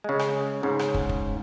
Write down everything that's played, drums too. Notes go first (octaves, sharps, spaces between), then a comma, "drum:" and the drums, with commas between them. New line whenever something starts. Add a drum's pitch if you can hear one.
C#3 G#3
drum: rim click
G#2 C#3
drum: rim click
drum: kick
drum: kick